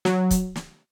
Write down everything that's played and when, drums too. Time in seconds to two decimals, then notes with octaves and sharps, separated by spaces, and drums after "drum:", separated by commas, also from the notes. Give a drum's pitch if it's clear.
0.05 F#3, drum: snare
0.31 drum: kick, hi-hat
0.56 drum: snare